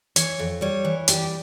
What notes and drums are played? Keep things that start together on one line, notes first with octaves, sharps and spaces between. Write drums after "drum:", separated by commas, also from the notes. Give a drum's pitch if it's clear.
E3 C#5, drum: hi-hat
F2
G3 C#5
E3
G3 G4, drum: hi-hat